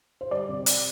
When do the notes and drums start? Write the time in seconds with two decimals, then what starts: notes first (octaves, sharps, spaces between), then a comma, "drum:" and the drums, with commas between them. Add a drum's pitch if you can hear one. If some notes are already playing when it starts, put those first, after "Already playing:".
0.21 C5
0.31 G3 D5
0.49 C3
0.66 drum: hi-hat